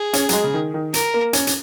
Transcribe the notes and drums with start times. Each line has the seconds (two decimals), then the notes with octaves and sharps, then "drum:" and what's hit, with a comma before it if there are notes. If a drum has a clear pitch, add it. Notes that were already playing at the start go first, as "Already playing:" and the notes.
Already playing: G#4
0.13 C#4, drum: hi-hat
0.29 F#3, drum: hi-hat
0.33 G#3
0.44 C#3
0.54 D#3
0.74 D#3
0.94 A#4, drum: hi-hat
1.14 A#3
1.33 C#4, drum: hi-hat
1.47 drum: hi-hat